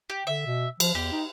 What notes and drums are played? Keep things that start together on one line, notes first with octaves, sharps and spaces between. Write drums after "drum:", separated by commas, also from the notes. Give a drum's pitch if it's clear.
G4
D3 E5
B2
F3, drum: cymbal
E2 G4
D#4